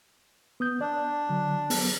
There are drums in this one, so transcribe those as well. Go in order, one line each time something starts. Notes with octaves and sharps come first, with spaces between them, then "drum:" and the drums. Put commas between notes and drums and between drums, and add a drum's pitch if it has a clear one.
B3 D#6 G6
D4 D5
D3 F#3
F#3 B3, drum: open hi-hat